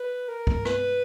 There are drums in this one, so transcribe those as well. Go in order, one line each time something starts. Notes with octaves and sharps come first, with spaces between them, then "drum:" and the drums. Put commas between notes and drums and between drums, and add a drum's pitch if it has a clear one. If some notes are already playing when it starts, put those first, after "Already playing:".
Already playing: B4
A#4
drum: kick C2
B4, drum: rim click